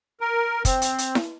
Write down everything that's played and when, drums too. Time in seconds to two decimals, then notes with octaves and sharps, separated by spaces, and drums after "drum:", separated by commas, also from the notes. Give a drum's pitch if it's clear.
0.21 A#4
0.65 C4, drum: kick, hi-hat
0.82 drum: hi-hat
0.98 drum: hi-hat
1.15 drum: snare E4